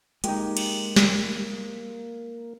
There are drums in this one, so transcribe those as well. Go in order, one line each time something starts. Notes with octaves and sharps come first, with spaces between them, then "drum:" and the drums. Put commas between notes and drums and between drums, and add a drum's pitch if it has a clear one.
G#3 A#3 D#4 G4, drum: hi-hat
drum: cymbal
drum: snare